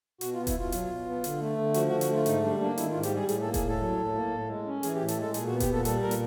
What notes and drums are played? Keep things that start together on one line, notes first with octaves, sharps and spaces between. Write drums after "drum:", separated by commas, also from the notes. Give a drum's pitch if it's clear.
B2 F#4, drum: hi-hat
F4
B3
E4, drum: kick E1, hi-hat
B2 F4
F#3, drum: hi-hat
B2
B3
D3, drum: hi-hat
A3
D3
F3 F#4, drum: hi-hat
D3 F#4
F#4, drum: hi-hat
A3 F4
G#2 D#4, drum: hi-hat
G3 D4
A#3 D4
D#3 E4, drum: hi-hat
F4
G#2
G4, drum: hi-hat
G3 G#4
A2 G#4, drum: hi-hat
A4
A#3
G#4, drum: kick E1, hi-hat
A2
A4
F#3
A2
A#3
A2
G#3
C#4
E3 G#4, drum: hi-hat
G4
A2
A4, drum: hi-hat
G#3
A4
A#2 G#4, drum: hi-hat
F#4
B3
G4, drum: kick E1, hi-hat
A#2 A4
G3 A4, drum: hi-hat
A#2 A#4
drum: hi-hat